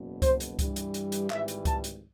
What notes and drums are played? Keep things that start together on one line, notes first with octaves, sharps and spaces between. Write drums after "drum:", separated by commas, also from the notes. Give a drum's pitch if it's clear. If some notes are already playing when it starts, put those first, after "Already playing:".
Already playing: F#1 E2 B2
C5, drum: kick C#2, hi-hat
drum: hi-hat
G2 E3 G3, drum: kick C#2, hi-hat
drum: hi-hat
drum: hi-hat
drum: hi-hat
G#1 G#2 E3 G3 E5, drum: clap
drum: hi-hat
A5, drum: kick C#2, hi-hat
drum: hi-hat